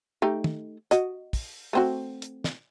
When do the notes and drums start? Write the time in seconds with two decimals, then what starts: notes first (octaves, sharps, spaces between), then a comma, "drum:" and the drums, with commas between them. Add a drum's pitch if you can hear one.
0.22 A3 D#4 G4
0.44 drum: tom
0.91 F#4 D#5, drum: hi-hat
1.33 drum: kick, open hi-hat
1.73 A3 C4 F#4
2.22 drum: hi-hat
2.44 drum: snare